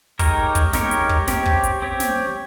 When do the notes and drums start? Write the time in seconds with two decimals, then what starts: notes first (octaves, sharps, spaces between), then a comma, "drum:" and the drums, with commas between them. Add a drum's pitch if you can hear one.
0.19 G#3 D#4 G4 A#4 C#5, drum: kick, open hi-hat
0.55 drum: kick, hi-hat
0.73 G#3 D#4 G4 A#4 C#5, drum: snare
0.91 drum: hi-hat
1.09 drum: kick
1.27 C4 G4 C#5, drum: snare
1.46 drum: kick
1.64 drum: hi-hat
1.82 C4 G4 C#5
2.00 drum: snare